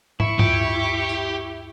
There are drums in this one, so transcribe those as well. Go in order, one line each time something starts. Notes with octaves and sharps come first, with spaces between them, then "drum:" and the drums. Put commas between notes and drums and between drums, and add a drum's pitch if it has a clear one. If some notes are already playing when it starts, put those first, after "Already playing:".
E4 C#6, drum: tom
D2 G2 F4 G4, drum: tom
drum: tambourine